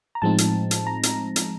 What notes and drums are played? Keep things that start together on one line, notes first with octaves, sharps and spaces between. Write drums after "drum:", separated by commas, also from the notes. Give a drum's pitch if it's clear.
A#5
A2 F3 G#3 C4 D#4 A5
drum: hi-hat
drum: hi-hat
A#5
drum: hi-hat
drum: hi-hat